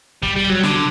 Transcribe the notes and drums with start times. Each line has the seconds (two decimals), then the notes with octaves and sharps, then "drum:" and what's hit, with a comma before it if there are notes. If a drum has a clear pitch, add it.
0.23 G3, drum: kick
0.36 G3
0.50 F#3
0.63 D3, drum: snare